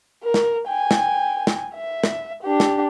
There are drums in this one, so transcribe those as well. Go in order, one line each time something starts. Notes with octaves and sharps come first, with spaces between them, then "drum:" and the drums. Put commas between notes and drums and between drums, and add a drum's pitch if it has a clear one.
A#4
drum: snare
G5 G#5
drum: snare
drum: snare
E5
drum: snare
D4 G4
drum: snare